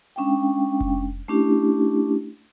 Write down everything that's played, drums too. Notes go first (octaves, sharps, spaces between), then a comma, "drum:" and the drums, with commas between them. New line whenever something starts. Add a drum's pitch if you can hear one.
G#3 C#4 D4 F5 G5
drum: kick F1
A3 C#4 D4 E4 G4